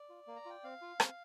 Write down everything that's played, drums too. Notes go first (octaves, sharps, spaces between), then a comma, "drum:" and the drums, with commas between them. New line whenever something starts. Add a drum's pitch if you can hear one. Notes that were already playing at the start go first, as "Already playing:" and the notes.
Already playing: D5
F4
A#3
A#5
F4 G5
C4 F5
F4
C4, drum: rim click